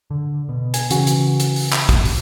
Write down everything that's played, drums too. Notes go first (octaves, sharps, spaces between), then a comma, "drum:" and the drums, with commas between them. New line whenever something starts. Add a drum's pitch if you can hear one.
D3
B2
G#5, drum: hi-hat
C#3 E3 F#4 G#5, drum: hi-hat
drum: hi-hat
drum: hi-hat
drum: open hi-hat
drum: clap
drum: kick, hi-hat
drum: open hi-hat